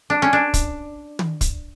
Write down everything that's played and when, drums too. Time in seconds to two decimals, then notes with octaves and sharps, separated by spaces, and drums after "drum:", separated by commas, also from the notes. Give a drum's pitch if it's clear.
0.10 D4
0.22 C#4
0.33 D4
0.54 drum: kick, hi-hat
1.19 drum: tom
1.41 drum: kick, hi-hat